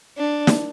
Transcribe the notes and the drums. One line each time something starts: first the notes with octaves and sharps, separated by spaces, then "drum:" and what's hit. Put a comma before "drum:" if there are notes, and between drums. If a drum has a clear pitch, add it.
D4
drum: snare